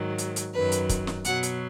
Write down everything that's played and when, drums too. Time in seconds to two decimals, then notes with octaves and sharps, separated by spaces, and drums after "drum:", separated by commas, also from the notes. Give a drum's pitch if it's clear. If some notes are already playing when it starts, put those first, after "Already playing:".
Already playing: G#2 D#3 F#3
0.18 drum: hi-hat
0.36 drum: hi-hat
0.53 F#2 D#3 F#3 B4
0.72 drum: hi-hat
0.89 drum: kick, hi-hat
1.07 drum: snare
1.25 B2 F#3 F#5, drum: hi-hat
1.43 drum: hi-hat